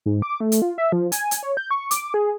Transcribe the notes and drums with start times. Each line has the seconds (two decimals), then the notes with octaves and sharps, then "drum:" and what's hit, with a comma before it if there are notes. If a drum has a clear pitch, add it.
0.06 G#2
0.22 D6
0.40 A3
0.52 drum: hi-hat
0.62 F4
0.78 E5
0.92 F3
1.12 G#5, drum: hi-hat
1.31 drum: hi-hat
1.43 C#5
1.57 G6
1.71 C#6
1.91 D6, drum: hi-hat
2.14 G#4